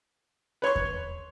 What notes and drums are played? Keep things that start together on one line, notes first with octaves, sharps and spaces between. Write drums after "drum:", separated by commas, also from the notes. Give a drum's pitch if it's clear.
B4 C#5 C6 C#6
drum: kick E2